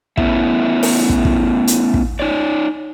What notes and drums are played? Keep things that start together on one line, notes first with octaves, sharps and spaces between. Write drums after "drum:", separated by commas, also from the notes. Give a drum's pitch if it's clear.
A3 B3 C#4 E4 E5, drum: kick
drum: open hi-hat
drum: kick
drum: kick
drum: hi-hat
drum: kick
D#4 C#5 D5